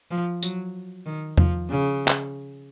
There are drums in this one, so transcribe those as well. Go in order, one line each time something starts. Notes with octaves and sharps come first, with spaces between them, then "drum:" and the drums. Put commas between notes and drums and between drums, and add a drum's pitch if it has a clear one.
F3
F#3, drum: tambourine
D#3
F3, drum: tom E2
C#3
drum: clap